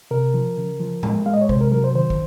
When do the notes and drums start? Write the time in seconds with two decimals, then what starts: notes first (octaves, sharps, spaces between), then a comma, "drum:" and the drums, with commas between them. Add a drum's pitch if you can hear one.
0.11 C3 A#4
0.34 F3
0.58 C#3
0.80 F3
1.03 G#3, drum: tom A2
1.26 G#3 F5
1.34 D#5
1.41 C#5
1.49 C3 C5, drum: kick
1.61 A#4
1.72 F#3 A#4
1.84 C5
1.95 D#3 C5
2.10 drum: kick